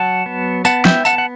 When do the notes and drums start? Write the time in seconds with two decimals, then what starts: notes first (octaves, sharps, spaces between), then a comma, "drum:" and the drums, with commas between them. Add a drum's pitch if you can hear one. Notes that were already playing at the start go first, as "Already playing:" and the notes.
Already playing: F#3 F#5 A5
0.26 B3
0.65 B3 F#5 A5, drum: tambourine
0.85 E5 G5, drum: snare
1.05 B3 F#5 A5, drum: tambourine
1.18 F#5